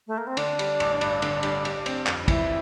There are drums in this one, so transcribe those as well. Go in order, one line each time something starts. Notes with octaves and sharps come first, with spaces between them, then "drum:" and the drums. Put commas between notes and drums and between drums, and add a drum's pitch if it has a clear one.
A3
A#3
C4
D3 D4, drum: cymbal
G3, drum: cymbal
A1, drum: cymbal
G2, drum: cymbal
D3, drum: cymbal
G3, drum: cymbal
G3, drum: cymbal
C4, drum: cymbal
F2, drum: clap
D4
E3 E4, drum: kick, cymbal